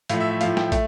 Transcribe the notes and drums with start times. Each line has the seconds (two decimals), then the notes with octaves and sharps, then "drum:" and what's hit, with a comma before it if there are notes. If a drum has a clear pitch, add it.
0.09 A2 F3 A3 F5, drum: hi-hat
0.20 E5
0.31 E5
0.41 A2 F3 A3 F5, drum: hi-hat
0.57 G5, drum: snare
0.72 A3, drum: kick, hi-hat